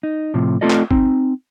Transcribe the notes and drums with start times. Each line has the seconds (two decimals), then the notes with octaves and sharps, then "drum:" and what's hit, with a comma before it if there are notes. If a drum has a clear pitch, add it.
0.03 D#4
0.34 A2 C3 F3
0.61 A3 C4 F4 A4 D5 D#5
0.70 drum: clap
0.91 C4 D#4, drum: kick G#1